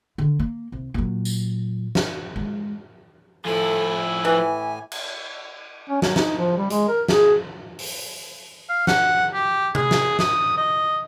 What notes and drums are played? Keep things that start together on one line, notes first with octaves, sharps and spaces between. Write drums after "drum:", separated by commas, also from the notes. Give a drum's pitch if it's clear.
D3
A#3
C2
A#2 F#3
drum: tambourine
drum: snare
G#3
A2 F3 E4 A4 G#5
E3 E5
drum: cymbal
C#4
F#3, drum: snare
D#4, drum: snare
F3
G3
G#3, drum: hi-hat
A#4
G#4, drum: snare
drum: open hi-hat
F5
F#5, drum: snare
G4
G#4, drum: tom C3
drum: snare
D#6, drum: snare
D#5